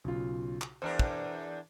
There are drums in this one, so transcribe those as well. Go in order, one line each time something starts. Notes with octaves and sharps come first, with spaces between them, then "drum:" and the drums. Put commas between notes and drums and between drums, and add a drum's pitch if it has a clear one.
B1 C#3 F4
drum: clap
E2 D4 A#4 C5
drum: kick